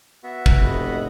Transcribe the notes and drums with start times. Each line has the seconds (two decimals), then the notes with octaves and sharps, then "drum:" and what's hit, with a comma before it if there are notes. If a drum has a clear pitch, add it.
0.24 B3 F#4 E5
0.46 drum: kick
0.59 F1 D#5 B5